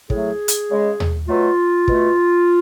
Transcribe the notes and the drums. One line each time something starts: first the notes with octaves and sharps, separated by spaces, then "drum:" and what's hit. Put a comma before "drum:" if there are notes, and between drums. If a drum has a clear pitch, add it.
A2 F#3 A3 G#4, drum: kick
drum: hi-hat
C#3 G#3
drum: tom D#2
B2 F#3 A3 F4
B2 A3, drum: kick